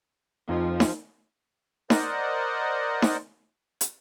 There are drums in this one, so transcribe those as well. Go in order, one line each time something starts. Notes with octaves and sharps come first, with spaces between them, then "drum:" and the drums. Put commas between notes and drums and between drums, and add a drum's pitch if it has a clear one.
F2 F3 D#4
drum: snare D#4
A#4 C5 D5 D#5 F#5, drum: snare D#4
drum: snare D#4
drum: hi-hat